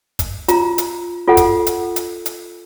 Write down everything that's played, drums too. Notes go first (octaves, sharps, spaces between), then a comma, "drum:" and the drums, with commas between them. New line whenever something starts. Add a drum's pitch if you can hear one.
drum: kick, hi-hat
F4 A#5, drum: hi-hat
drum: hi-hat
F4 A4 F#5
drum: kick, hi-hat
drum: hi-hat
drum: hi-hat
drum: hi-hat